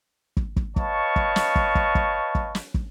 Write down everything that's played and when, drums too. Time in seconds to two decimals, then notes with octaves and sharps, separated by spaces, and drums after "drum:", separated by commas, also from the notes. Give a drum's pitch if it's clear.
0.37 drum: kick
0.57 drum: kick
0.76 B4 C#5 D#5 F5 A5 C#6, drum: kick
1.16 drum: kick
1.36 drum: snare
1.56 drum: kick
1.75 drum: kick
1.95 drum: kick
2.35 drum: kick
2.55 drum: snare
2.74 drum: kick